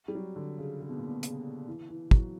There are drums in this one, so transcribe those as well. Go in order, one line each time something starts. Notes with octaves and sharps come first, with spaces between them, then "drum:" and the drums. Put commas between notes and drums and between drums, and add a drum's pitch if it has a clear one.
G3
F#3
D3
C#3
C#3
B2
A#2
B2
C#3, drum: hi-hat
E3
E3
F#3, drum: kick